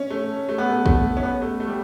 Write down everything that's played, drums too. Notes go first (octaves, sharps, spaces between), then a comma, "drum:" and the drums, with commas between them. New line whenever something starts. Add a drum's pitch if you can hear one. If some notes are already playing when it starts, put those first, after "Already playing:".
Already playing: C#4
A3
A3
B3
A3
A3, drum: kick
C#4
B3
A3
A3
G3